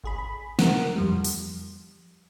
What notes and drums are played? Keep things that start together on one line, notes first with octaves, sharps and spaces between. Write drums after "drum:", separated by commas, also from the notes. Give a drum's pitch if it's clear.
G#1 G#4 B5
B5
A#4 F#5, drum: snare
F2 F3 G3
drum: open hi-hat